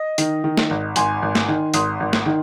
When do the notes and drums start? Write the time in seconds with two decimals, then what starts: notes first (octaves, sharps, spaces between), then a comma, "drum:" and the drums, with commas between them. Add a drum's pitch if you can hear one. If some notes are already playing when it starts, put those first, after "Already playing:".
Already playing: D#5
0.18 D#3, drum: hi-hat
0.44 D#3
0.58 drum: snare
0.70 G#1
0.96 G#1 G#5 C6, drum: hi-hat
1.22 G#1
1.35 drum: snare
1.48 D#3
1.74 G#1 C6 D#6, drum: hi-hat
2.00 G#1
2.13 drum: snare
2.26 D#3